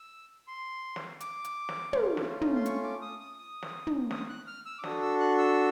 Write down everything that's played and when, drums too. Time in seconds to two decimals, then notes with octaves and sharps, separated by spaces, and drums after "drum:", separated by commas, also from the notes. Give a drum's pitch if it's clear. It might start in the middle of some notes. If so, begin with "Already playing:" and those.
Already playing: E6
0.47 C6
0.96 drum: snare
1.20 D6, drum: hi-hat
1.44 drum: hi-hat
1.69 drum: snare
1.93 A3 C#4 F4, drum: tom
2.17 drum: snare
2.41 drum: tom
2.55 C6
2.66 C#6, drum: hi-hat
2.84 D6
3.02 D#6
3.20 D#6
3.39 D#6
3.63 drum: snare
3.87 drum: tom
4.11 D#6, drum: snare
4.29 F#6
4.47 F6
4.66 E6
4.79 D6
4.84 D4 F#4 A4 D#6, drum: snare
5.02 E6
5.20 F#6
5.38 E6